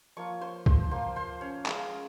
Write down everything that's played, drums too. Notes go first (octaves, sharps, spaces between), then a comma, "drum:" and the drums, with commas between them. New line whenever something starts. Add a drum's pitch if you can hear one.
F3 A#3 F4 C#5 C#6
C5 C6
C5 C6, drum: kick
F3 A#3 F4 C5 C6
C5 C6
C#4 C#5
G#3 C#4 F4, drum: clap